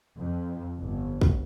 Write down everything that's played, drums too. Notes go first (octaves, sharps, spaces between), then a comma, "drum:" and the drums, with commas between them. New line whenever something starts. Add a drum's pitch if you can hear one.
F2
G1
drum: kick